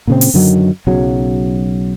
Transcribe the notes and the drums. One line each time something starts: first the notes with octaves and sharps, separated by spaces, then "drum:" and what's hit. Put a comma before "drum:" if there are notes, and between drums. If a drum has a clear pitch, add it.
A#2 C#3 C4
drum: open hi-hat
F#2 D3 D#3 F#3
B1 C#3 F#3